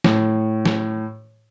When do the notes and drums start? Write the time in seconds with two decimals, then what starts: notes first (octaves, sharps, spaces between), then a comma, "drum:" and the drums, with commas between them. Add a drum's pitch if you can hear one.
0.04 A2, drum: snare
0.65 drum: snare